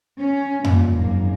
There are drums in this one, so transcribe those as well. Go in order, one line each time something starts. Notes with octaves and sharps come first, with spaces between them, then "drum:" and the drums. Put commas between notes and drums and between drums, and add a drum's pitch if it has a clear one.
C#4
G2 A#2, drum: tom F2
G#1 F#2 A#3